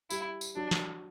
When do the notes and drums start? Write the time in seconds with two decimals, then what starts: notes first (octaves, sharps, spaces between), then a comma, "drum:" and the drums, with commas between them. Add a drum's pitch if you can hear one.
0.10 G3 E4, drum: tambourine
0.41 drum: tambourine
0.56 F#3 D4
0.71 drum: snare